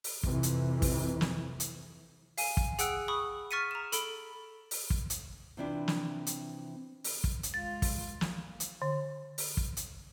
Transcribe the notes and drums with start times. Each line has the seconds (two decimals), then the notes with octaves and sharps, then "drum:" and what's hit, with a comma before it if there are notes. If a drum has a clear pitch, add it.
0.04 drum: open hi-hat
0.23 F2 C3 E3, drum: kick
0.43 drum: hi-hat
0.82 drum: kick, open hi-hat
1.21 drum: snare
1.60 drum: hi-hat
2.38 F5 G#5 D#7, drum: open hi-hat
2.57 drum: kick
2.79 G#4 F#5 G5 E6 F#6 D7, drum: hi-hat
3.08 B5 C#6 D#6
3.51 C#6 F6 A6 B6 C#7 D#7
3.71 A#5 E7
3.92 A4 B5 D7 G7, drum: hi-hat
4.71 drum: open hi-hat
4.90 drum: kick
5.10 drum: hi-hat
5.57 C3 E3 C4 D4 E4 F4
5.88 drum: snare
6.27 drum: hi-hat
7.04 drum: open hi-hat
7.24 drum: kick
7.43 drum: hi-hat
7.54 G#3 F4 A6
7.82 drum: kick, open hi-hat
8.21 drum: snare
8.60 drum: hi-hat
8.82 D3
9.38 drum: open hi-hat
9.57 drum: kick
9.77 drum: hi-hat